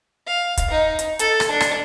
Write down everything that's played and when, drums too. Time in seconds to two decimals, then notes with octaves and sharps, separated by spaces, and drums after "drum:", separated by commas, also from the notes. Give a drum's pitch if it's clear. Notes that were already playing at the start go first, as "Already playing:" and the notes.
0.27 F5
0.57 drum: kick, hi-hat
0.70 D#4
0.99 drum: hi-hat
1.19 A4, drum: hi-hat
1.40 drum: rim click
1.51 D4
1.60 drum: rim click